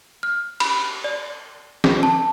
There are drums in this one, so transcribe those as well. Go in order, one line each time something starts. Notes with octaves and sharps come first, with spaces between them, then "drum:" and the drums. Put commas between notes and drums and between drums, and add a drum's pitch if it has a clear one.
F6
B5, drum: cymbal
D5
drum: snare
A5